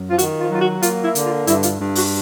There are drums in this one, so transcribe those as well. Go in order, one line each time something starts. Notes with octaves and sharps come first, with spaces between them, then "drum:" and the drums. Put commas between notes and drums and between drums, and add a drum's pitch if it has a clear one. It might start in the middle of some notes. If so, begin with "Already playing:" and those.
Already playing: F#2
F4
D#3 F#4, drum: hi-hat
F4
F#3 F4
F#4
A#3 F4, drum: hi-hat
E4
D3, drum: hi-hat
F4
G2 E4, drum: hi-hat
F4, drum: hi-hat
G2
F#4, drum: open hi-hat